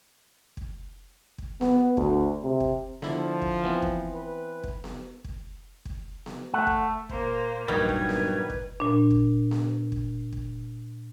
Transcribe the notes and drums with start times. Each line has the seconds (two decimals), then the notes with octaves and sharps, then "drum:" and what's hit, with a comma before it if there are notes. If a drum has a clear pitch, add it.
0.57 drum: kick
1.38 drum: kick
1.61 B3, drum: snare B3
1.97 D2, drum: kick
2.44 C3
2.60 drum: kick
3.02 D3 F3 E4 D5, drum: snare B3
3.42 drum: kick
3.64 E3 B3 C4
3.82 drum: kick
4.14 B4
4.63 drum: kick
4.84 drum: snare B3
5.24 drum: kick
5.85 drum: kick
6.26 drum: snare B3
6.54 A3 F#5
6.67 drum: kick
7.09 A#2 A#3 C5, drum: kick
7.68 G2 A#2 D#3 F#3 G3 B4 G#6, drum: tom A#1
7.89 drum: kick
8.09 drum: snare B3
8.50 drum: kick
8.80 A#2 D4
9.11 drum: kick
9.51 drum: snare B3
9.92 drum: kick
10.32 drum: kick